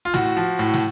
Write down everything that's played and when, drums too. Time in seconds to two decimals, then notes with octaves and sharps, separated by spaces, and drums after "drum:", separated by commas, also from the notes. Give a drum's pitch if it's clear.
0.05 F4
0.14 A2 F#4, drum: snare
0.37 F3
0.59 A2, drum: hi-hat
0.74 drum: snare